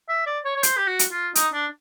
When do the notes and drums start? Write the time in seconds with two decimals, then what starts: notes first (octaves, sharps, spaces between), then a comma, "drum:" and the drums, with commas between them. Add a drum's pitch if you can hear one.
0.09 E5
0.26 D5
0.45 C#5
0.56 C#5
0.63 C5, drum: hi-hat
0.77 G4
0.87 F#4
0.99 drum: hi-hat
1.11 F4
1.35 D#4, drum: hi-hat
1.53 D4